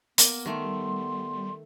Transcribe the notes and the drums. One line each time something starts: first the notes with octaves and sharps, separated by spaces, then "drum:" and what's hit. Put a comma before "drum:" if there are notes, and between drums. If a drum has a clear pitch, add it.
A#3 B3, drum: hi-hat
D#3 G3 A3 C6